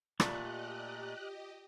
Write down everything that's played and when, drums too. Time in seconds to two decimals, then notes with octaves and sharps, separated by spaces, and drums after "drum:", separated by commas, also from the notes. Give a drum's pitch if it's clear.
0.20 A#2 A3 F4 G4 D5 D#5 A5 F#6, drum: rim click